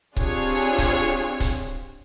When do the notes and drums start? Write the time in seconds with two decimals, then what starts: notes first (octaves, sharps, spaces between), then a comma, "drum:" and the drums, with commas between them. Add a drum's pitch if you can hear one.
0.16 C4 D4 F4 G4 G#4 C#5, drum: kick C#1
0.78 drum: kick C#1, hi-hat
1.40 drum: kick C#1, hi-hat